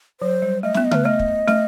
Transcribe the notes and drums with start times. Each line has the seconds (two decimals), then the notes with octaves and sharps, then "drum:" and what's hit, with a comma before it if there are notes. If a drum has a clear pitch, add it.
0.21 F#3 C5
0.42 G3
0.63 A3 D#5
0.74 B3 E5, drum: snare
0.85 D#5
0.91 A3 B4, drum: tom C#3
1.05 A3 D#5
1.19 drum: kick
1.48 A3, drum: snare